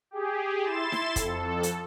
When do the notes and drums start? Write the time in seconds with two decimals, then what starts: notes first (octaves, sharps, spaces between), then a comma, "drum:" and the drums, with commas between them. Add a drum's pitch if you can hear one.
0.11 G4 G#4
0.64 E4 C6 A6 E7
0.92 drum: snare D#4
1.16 F2 A4, drum: kick, hi-hat
1.63 drum: hi-hat